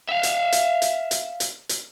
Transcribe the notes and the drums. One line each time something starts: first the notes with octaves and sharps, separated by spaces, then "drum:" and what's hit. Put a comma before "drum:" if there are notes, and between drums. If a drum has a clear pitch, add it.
E5 F5
drum: hi-hat
drum: hi-hat
drum: hi-hat
drum: hi-hat
drum: hi-hat
drum: hi-hat